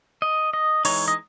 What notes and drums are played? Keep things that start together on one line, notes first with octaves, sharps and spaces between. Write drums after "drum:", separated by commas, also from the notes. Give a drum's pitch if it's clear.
D#5
D#5
E3 G#3 D#4 C#5, drum: open hi-hat
D#5